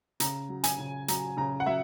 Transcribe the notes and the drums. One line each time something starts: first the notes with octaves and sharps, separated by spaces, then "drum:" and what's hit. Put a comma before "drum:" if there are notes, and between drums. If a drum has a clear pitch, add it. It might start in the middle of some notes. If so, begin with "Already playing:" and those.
C#3 A#5, drum: hi-hat
F#3
G#5, drum: hi-hat
C#3
F#3 A#5, drum: hi-hat
C#3 A#5
F#5
F#3 E5